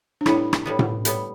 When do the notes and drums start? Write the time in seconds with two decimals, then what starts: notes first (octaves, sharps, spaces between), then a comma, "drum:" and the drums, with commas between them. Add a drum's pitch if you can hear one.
0.21 D4
0.26 A2 G3 B3 E4, drum: rim click
0.53 drum: rim click
0.66 A2 G3 B3
0.79 drum: tom A2
1.05 A2 G3 B3, drum: hi-hat